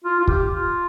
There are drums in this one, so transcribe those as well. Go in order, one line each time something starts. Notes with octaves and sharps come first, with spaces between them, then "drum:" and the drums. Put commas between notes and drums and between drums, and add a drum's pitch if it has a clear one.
F4
F4
G4, drum: kick
F4